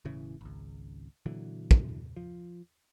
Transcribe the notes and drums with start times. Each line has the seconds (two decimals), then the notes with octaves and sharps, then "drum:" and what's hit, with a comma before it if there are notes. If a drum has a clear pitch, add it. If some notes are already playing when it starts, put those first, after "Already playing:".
0.05 E1 A2 C#3 E3
0.41 G#1 C#2
1.26 A#2 D3 E3 F#3
1.71 drum: kick
2.16 F3